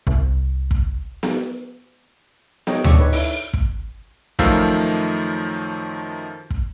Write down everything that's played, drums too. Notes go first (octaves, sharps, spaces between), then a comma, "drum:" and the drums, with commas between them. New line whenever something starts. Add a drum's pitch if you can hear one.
C2, drum: kick
drum: kick
drum: snare B3
C#5 D#5 G5, drum: snare B3
D4 G#4 D5 C#6 E6, drum: tom D2
D#4 A4 B4 C#5
E4, drum: open hi-hat
drum: kick
F#2 D#3 F3 A3 F5 E6, drum: kick
drum: kick